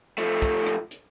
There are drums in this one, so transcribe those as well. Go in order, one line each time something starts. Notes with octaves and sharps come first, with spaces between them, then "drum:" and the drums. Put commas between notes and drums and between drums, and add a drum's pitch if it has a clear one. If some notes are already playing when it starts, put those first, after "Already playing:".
F3 A3, drum: hi-hat
drum: kick, hi-hat
drum: rim click
drum: hi-hat